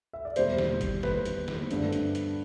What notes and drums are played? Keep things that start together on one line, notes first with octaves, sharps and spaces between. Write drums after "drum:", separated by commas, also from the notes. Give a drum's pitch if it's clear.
E5
D5
E2 B2 G3 C5, drum: hi-hat
drum: snare
drum: kick F#1, hi-hat
B4, drum: snare
drum: hi-hat
drum: snare
G2 D3 A3, drum: hi-hat
drum: hi-hat
drum: hi-hat